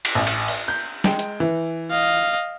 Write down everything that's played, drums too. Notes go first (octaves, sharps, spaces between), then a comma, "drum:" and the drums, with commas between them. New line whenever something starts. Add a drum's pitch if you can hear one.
drum: cymbal
A1
drum: cymbal
drum: open hi-hat
G6
G#3 G5, drum: snare
drum: hi-hat
E3
D#5 F5